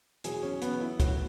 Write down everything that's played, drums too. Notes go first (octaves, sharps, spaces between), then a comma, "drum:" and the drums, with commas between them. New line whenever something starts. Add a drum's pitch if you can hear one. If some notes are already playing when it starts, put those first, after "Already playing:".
E2 B2 F#3 G#4, drum: hi-hat
C#4
B3, drum: hi-hat
E4
B1 A2 F#3 F#4, drum: kick, hi-hat